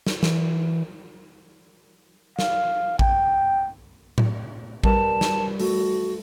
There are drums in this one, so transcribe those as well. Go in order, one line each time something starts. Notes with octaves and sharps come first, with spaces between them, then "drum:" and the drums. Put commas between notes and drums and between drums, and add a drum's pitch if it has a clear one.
drum: snare
E3, drum: snare
F5, drum: snare
G5, drum: kick A1
drum: tom A2
G3 A#4 B4 A5, drum: kick A1
drum: snare
A3 F#4, drum: open hi-hat